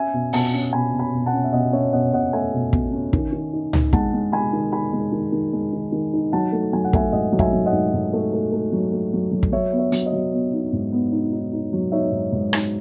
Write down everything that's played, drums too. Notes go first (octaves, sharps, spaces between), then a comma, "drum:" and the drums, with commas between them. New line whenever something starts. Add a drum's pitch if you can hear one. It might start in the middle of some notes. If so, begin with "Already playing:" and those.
Already playing: C#4 E5 G#5
B2
B2 F#5 A5, drum: open hi-hat
C#4
B2 G#5 B5
B2
G#5 B5
B2
F#5 A5
C#4
E5
B2 D#5 F#5
C#4 C#5 E5
B2 D#5 F#5
B2 D#5 F#5
A3 E5 G#5
B2
B2, drum: kick
C#4
D#3, drum: kick
D#3
D#4
D#4, drum: tom C#2
G#3 F#5 A5, drum: kick
G#3
G#3 G#5 B5
D#3
D#3 G#5 B5
G#3
D#3
D#3
G#3
D#3
D#3
D#4
F#3 F#5 A5
A3
F#3 G#5
F#5
A3 E5 G#5, drum: kick
G#2 D#5 F#5
F#3
E5 G#5, drum: kick
F#3
D#5 F#5
G#2
G#2
A3
A3
A3
F#3
A3
F#3
F#3
drum: kick
F#3 C#5 E5
B3
C#5 E5
F#3, drum: hi-hat
D#5
F#3
B3
D#4
G#2
B3
D#4
D#4
D#4
F#3
D#4 C#5 E5
G#2
G#2
D#4, drum: rim click